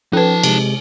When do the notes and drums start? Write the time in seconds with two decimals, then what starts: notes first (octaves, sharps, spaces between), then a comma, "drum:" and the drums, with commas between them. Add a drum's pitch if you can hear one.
0.13 F3 C#4 D#4 A4 B4 G5 A5
0.44 C3 G#3, drum: cymbal